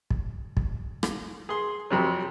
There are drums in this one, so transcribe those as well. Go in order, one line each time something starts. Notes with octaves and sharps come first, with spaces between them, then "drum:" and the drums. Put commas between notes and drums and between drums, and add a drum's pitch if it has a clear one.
drum: kick
drum: kick
drum: rim click
G#4 C6
F2 C3 F#3